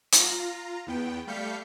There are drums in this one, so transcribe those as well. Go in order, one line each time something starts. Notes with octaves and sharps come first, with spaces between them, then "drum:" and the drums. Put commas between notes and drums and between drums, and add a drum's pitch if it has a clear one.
F4 A#5, drum: hi-hat
E2 B3 G5
G3 A3 F5 G6 B6 C#7